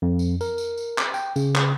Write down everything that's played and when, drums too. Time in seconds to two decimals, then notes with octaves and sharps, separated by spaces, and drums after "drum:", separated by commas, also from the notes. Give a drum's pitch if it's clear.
0.02 F2
0.19 drum: tambourine
0.41 A#4, drum: tambourine
0.58 drum: tambourine
0.78 drum: tambourine
0.98 D6, drum: clap
1.14 G5, drum: tambourine
1.36 C#3, drum: tambourine
1.55 drum: clap